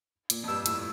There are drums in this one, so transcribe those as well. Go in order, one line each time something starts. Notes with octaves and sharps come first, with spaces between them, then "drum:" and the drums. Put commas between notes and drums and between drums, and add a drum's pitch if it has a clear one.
A#2, drum: hi-hat
F2
G2 E6
A2 E6, drum: hi-hat